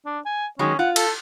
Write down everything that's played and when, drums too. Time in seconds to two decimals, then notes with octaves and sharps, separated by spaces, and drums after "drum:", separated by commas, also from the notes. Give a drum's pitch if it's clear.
0.06 D4
0.26 G#5
0.59 D#3 F#3 G#3 C#4
0.79 F4 F#5
0.96 A4, drum: cymbal